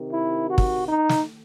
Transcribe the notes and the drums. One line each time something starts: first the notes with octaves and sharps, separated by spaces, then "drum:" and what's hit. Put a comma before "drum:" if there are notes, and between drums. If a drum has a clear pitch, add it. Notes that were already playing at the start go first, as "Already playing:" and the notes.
Already playing: C3 D#3
E4
F#4
drum: kick
D#4
drum: snare